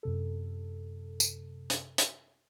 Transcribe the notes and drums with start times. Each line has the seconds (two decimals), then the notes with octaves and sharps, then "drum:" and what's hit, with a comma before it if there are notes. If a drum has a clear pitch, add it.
0.03 F#2 C3 A4
1.20 drum: tambourine
1.70 drum: hi-hat
1.98 drum: hi-hat